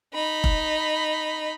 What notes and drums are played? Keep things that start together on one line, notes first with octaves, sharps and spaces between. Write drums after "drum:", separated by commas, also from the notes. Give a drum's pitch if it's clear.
D#4 B5
drum: kick F1